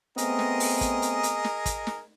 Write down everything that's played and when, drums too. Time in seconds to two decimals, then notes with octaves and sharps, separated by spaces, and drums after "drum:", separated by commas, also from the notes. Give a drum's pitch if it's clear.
0.18 A3 B3 C4 G#4 A#4 D#5, drum: hi-hat
0.39 drum: snare
0.60 drum: open hi-hat
0.81 drum: kick, hi-hat
1.02 drum: hi-hat
1.23 drum: hi-hat
1.44 drum: snare
1.66 drum: kick, hi-hat
1.87 drum: snare